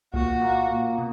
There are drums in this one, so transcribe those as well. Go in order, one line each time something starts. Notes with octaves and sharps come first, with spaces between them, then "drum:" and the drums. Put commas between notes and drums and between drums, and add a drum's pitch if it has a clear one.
A#2 F#4, drum: kick B1
A#3
A#2
B2